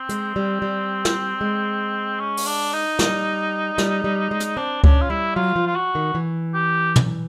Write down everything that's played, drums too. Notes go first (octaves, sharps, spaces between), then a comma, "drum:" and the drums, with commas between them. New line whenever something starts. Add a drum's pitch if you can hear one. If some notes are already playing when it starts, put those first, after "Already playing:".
Already playing: C4
G#3, drum: hi-hat
G3
G3
drum: snare
G#3
C#4
drum: open hi-hat
D4
D#4
G3, drum: snare
G3, drum: snare
G3
G#3
drum: hi-hat
C4 D4
C#4 D4, drum: kick C#2
F4
G3 E4
F#3 F4
F3
F4
F#4
D#3
E3
G4
drum: tom